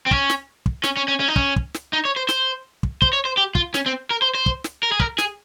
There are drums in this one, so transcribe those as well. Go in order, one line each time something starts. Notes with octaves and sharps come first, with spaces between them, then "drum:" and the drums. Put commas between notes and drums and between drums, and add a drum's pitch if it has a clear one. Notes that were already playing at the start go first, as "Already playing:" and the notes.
C4
C#4, drum: kick
drum: snare
drum: kick
C#4, drum: snare
C#4
C#4
C#4
D#4
C#4, drum: kick
drum: kick
drum: snare
D#4
C#5
C5
C5, drum: snare
drum: kick
C5, drum: kick
C#5
C5
G4
F4, drum: kick
C#4, drum: snare
C4
A#4
C5
C5
drum: kick
drum: snare
A#4
G#4
A#4, drum: kick
G#4, drum: snare